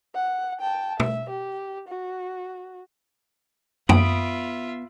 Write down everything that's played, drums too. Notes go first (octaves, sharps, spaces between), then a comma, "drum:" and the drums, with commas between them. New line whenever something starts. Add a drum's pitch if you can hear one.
F#5
G5 A5
E5, drum: tom B2
G4
F#4
B3 F4 E5 B5 D#6 D7, drum: tom F#2